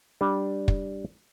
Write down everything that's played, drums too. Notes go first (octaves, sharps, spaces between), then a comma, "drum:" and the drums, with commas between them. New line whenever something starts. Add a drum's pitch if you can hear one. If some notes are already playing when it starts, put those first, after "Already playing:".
G3 D4
drum: kick